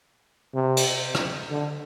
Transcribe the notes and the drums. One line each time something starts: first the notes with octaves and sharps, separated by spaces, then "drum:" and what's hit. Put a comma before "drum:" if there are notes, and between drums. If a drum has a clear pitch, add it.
C3
drum: cymbal
drum: rim click
D3